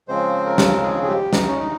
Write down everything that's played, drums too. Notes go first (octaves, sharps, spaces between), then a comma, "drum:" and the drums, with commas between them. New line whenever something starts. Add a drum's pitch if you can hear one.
C#3 F3 G#3 C4 C5
A#4
drum: snare
G#4
G#4
G4
D#4, drum: snare
C#4
D#4